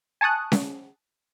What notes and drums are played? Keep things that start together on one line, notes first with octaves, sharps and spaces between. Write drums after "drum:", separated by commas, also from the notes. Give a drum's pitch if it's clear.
G#5 A5 C#6 D#6 F#6
drum: snare C#4